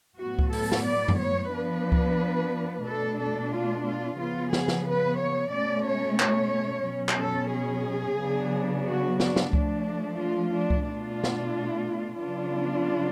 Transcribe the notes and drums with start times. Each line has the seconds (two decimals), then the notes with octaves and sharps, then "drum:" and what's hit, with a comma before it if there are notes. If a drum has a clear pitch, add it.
0.18 A2 F#3 B3 F#4
0.39 drum: kick C#2
0.53 A4, drum: open hi-hat
0.72 drum: snare
0.86 D5
1.08 drum: tom F#2
1.19 C#5
1.52 F3 B3 D4 B4
1.92 drum: kick C#2
2.86 B2 A3 D4 A4
3.19 A4
3.53 F4
3.86 F4
4.19 C#3 F3 B3 F4
4.53 G#4, drum: snare
4.68 drum: snare
4.87 B4
5.19 C#5
5.53 B2 A3 C#4 D5
5.86 C#5
6.20 C#5, drum: clap
6.86 B2 F#3 C#4
7.09 drum: clap
7.19 A4
7.53 G#4
8.19 C#3 F#3 B3 D4
8.87 F#4
9.20 D4, drum: snare
9.36 drum: snare
9.53 F3 A3 D4, drum: kick C#2
10.19 F4
10.53 D4
10.70 drum: kick C#2
10.86 B2 A3 D4 F4
11.24 drum: snare
12.19 C#3 F#3 B3 D4 F4